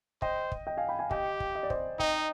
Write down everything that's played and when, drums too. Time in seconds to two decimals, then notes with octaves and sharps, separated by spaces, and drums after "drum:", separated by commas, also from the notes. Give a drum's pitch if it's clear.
0.22 C5 D#5 G5, drum: kick
0.52 drum: kick
0.67 D#5 G5
0.77 F5 G#5
0.89 G5 B5
0.99 F5 G#5
1.11 G4 D#5 G5, drum: kick
1.40 drum: kick
1.55 D#5
1.63 D5
1.70 C5 D#5, drum: kick
1.99 D#4 D#5 G5, drum: kick